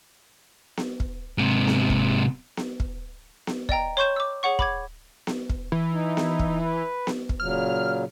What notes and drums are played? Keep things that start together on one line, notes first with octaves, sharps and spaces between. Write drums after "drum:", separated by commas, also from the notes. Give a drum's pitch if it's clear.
drum: snare B3
drum: kick
G#2 C3
drum: snare B3
drum: kick
drum: snare B3
drum: kick
drum: snare B3
D5 D#5 G5 A#5, drum: kick
C#5 C6 C#6 G6 E7
D6 E6
G#4 C#5 F#5 C#6
B5 D6 G#6, drum: kick
drum: snare B3
drum: kick
E3
D#4
drum: snare B3
drum: kick
B4
drum: snare B3
drum: kick
A#2 C#3 F#3 F6